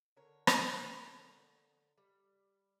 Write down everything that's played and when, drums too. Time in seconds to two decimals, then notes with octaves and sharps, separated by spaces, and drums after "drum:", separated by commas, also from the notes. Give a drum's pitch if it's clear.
0.17 D3 A#4 C#5
0.47 drum: rim click
1.98 G3